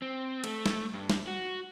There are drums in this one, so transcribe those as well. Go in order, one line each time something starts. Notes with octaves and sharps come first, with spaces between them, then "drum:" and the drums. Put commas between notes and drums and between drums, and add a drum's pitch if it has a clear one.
C4
A3, drum: cymbal
drum: snare
G2
drum: snare
F#4